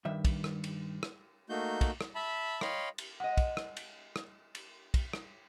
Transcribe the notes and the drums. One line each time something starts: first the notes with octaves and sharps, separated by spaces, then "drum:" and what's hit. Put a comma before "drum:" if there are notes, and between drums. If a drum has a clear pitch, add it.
G2 D#3 E5
drum: kick, cymbal
drum: rim click
drum: cymbal
drum: rim click
A3 A#3 D#4 F#4 G6
drum: kick, cymbal
drum: rim click
E5 A5 B5
C#5 D#5 F5 G5 B5 C6, drum: rim click
drum: cymbal
G#3 D#5 F#5
drum: kick, cymbal
drum: rim click
drum: cymbal
drum: rim click
drum: cymbal
drum: kick, cymbal
drum: rim click